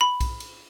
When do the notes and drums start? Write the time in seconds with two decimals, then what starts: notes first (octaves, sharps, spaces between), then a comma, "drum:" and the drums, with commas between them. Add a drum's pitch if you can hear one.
0.01 B5
0.21 drum: kick B1, cymbal
0.40 drum: cymbal